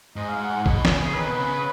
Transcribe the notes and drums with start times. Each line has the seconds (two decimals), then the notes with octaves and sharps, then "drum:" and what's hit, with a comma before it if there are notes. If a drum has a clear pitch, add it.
0.16 G#2 D#5
0.29 F5
0.41 F#5
0.53 F#5
0.66 B2, drum: kick
0.85 D#3, drum: snare
0.91 C#3
1.02 G#4
1.14 D#3 B4
1.27 B2
1.40 C#3